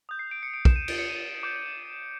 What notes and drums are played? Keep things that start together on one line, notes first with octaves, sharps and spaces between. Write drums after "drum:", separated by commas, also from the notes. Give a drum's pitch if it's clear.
D#6 G6
C7
D7
C#7
D7
E7, drum: kick
D#7
D7, drum: cymbal
C#7
D#7
D6 G6